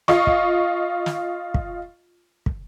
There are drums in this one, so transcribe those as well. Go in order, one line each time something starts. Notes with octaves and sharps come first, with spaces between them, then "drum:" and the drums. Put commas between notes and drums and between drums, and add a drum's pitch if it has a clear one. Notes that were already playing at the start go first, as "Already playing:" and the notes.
F4 D#5 C#6, drum: snare
drum: kick
drum: snare
drum: kick
drum: kick